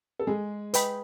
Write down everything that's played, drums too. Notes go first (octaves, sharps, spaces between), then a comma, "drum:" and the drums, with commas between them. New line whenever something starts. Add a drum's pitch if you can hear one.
A4
G#3 G#4
B4 D#5 G5 B5, drum: hi-hat